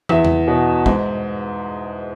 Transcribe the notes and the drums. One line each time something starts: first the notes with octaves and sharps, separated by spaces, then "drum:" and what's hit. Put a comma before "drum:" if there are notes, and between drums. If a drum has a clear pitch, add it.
E2 E5, drum: tom
drum: tom E2
B2
G#2, drum: kick